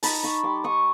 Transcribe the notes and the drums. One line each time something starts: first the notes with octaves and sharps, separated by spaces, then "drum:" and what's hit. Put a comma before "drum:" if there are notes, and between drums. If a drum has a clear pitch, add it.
D#4 A5 B5, drum: open hi-hat
D#4 B5 C#6
G3 C6 D6
D#4 C#6 D#6